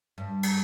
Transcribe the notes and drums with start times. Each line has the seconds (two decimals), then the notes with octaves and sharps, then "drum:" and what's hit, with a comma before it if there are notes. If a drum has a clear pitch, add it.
0.18 G2
0.43 drum: cymbal